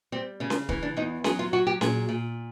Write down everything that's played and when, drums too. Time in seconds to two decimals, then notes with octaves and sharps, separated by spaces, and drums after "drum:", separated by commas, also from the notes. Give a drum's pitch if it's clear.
0.12 G3 C4
0.40 C#3 C#4
0.50 drum: snare C#4
0.69 E3 C#4, drum: kick
0.83 D4
0.97 E2 D#4
1.24 F#3 G#4, drum: snare C#4
1.39 F4
1.53 F#3 F#4
1.67 G4
1.81 A#2 G#4, drum: snare C#4
2.09 A#2